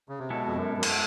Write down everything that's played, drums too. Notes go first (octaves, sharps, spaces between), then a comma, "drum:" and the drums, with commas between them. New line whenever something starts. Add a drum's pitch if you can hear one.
C#3
C3
B2 G#3 B3 E4 A4
F2
F#2
F#2
G#3 B3 E4 A4, drum: cymbal